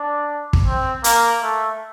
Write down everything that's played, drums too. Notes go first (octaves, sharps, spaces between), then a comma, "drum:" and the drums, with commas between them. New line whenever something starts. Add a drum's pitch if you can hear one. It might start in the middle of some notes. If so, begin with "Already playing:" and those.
Already playing: D4
drum: kick
C4
A#3, drum: hi-hat
A3